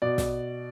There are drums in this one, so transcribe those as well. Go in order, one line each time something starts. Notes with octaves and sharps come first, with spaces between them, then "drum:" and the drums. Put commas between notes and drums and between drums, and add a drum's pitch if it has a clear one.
B2 D5
drum: snare